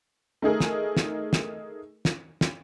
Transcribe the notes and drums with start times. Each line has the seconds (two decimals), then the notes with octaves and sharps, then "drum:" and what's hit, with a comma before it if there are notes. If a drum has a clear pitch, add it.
0.42 A3 D#4 G#4 A#4
0.60 drum: snare
0.97 drum: snare
1.33 drum: snare
2.05 drum: snare
2.41 drum: snare